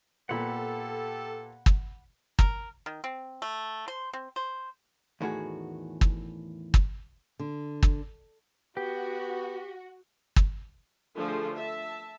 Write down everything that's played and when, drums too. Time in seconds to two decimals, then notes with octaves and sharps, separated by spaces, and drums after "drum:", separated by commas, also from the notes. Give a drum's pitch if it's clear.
0.29 A#2 B3 G4 A4 F#5 B5
1.66 drum: kick
2.39 A#4, drum: kick
2.86 D#3
3.04 C4
3.42 A3
3.88 C5
4.13 C4
4.36 C5
5.21 E2 A2 D#3 F#4 G#4
6.01 drum: kick
6.74 drum: kick
7.39 D3
7.83 drum: kick
8.77 B3 F#4 G4
10.36 drum: kick
11.15 D3 F3 A3 F4 G#4 C5
11.54 E5 A5